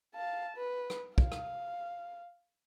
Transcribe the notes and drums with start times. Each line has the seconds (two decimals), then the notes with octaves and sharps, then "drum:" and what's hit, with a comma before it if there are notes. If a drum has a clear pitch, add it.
0.15 F5 A5
0.57 B4
0.90 drum: rim click
1.18 F5, drum: kick
1.32 drum: rim click